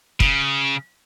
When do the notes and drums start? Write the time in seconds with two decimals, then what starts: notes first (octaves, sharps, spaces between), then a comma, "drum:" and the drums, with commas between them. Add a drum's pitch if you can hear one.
0.20 C#3, drum: kick